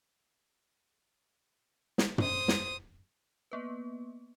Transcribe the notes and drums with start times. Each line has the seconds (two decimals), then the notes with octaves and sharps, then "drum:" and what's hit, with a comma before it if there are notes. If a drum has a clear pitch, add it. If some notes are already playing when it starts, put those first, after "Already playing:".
1.98 drum: snare
2.18 C5 D#6, drum: tom
2.48 drum: snare
3.52 A#3 B3 B4